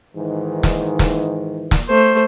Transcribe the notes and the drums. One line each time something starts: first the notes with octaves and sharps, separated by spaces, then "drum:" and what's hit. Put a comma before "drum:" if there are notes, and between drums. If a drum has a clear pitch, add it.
G#2 D#3 E3
drum: snare
drum: snare
drum: snare
A3 C5